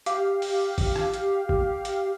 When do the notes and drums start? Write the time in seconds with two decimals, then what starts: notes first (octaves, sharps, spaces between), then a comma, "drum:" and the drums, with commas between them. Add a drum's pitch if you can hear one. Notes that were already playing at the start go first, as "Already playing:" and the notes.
0.06 G4 F5, drum: hi-hat
0.42 drum: open hi-hat
0.78 drum: kick A1, open hi-hat
0.96 drum: rim click
1.14 drum: hi-hat
1.49 drum: kick A1
1.85 drum: hi-hat